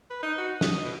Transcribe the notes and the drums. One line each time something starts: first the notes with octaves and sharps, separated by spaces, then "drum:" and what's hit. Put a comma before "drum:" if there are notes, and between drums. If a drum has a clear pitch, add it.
B4
D#4
F#4
D#5, drum: snare
B2